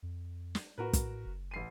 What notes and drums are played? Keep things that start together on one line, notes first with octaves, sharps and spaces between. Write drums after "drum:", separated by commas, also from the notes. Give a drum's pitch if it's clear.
F2
drum: snare
A2 F#4 A#4 B4
drum: kick, hi-hat
F#1
A1 C7 D#7